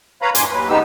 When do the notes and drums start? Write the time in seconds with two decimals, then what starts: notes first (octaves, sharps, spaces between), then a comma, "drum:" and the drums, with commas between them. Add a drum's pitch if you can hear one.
0.22 B4 C#5 F5 A#5 B5
0.35 E2 G2 G#5 C6 D6, drum: hi-hat
0.51 D#2 F#3 B4
0.69 C#3 G#3 B3 D#4 G4 E6